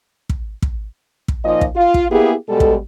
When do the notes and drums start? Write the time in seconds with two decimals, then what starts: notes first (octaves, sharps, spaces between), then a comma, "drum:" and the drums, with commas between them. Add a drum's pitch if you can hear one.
0.29 drum: kick
0.62 drum: kick
1.28 drum: kick
1.45 A#2 F3 D#4 F4 D#5
1.61 drum: kick
1.76 F4
1.94 drum: kick
2.11 A#3 B3 E4 G4 G#4
2.49 B2 G3 G#3 A4
2.60 drum: kick